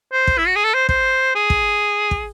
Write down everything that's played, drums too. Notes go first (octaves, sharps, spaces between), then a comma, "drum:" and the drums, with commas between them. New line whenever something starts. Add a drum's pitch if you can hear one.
C5
drum: kick
E4
F#4
G#4
A4
C5
C5, drum: kick
G#4
drum: kick
drum: kick